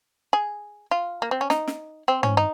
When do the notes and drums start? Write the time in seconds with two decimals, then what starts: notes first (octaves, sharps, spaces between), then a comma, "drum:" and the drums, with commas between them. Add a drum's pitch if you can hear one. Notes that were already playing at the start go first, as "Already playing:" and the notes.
0.33 G#4
0.91 F4
1.22 A#3
1.31 C4
1.41 C#4
1.50 D#4, drum: snare
1.68 drum: snare
2.08 C4
2.23 C#4, drum: tom
2.37 D#4